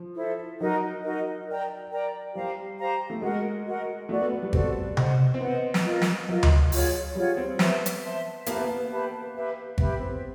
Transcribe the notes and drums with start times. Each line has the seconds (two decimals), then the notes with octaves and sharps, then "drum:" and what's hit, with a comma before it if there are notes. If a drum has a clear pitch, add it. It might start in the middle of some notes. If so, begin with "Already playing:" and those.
Already playing: F3
0.16 E4 A4 C5 E5
0.60 F#3 D#4 F#4 A#4 D#5
1.03 D#4 F#4 A#4 D#5
1.47 A#4 D5 G5 A#5
1.91 A#4 D5 G5 A#5
2.35 G3 G4 C5 F5 A#5
2.78 G4 C5 F5 A#5
3.10 A3
3.22 G#3 F#4 A#4 D#5 F#5
3.66 F#4 A#4 D#5 F#5
4.09 A3 F#4 A4 D5
4.21 B3
4.31 B3
4.42 G3
4.53 C4 F#4 A4 D5, drum: kick G#1
4.97 C5 D#5 F#5, drum: tom C3
5.34 C4
5.41 B3 C5 D#5 F#5
5.74 drum: snare
5.84 F4 A#4 D#5
6.02 drum: snare
6.28 F#3 F4 A#4 D#5
6.43 drum: tom D2
6.72 F4 G#4 C#5 F#5, drum: open hi-hat
7.15 G3 F4 G#4 C#5 F#5
7.37 C4
7.59 B3 C5 E5 A5 C6, drum: snare
7.86 drum: hi-hat
8.03 C5 E5 A5 C6
8.46 A#3 G4 B4 E5 A5, drum: hi-hat
8.56 B3
8.64 A#3
8.91 G4 B4 E5 A5
9.34 G4 B4 E5
9.78 B3 G4 B4 E5, drum: kick G#1
10.00 C4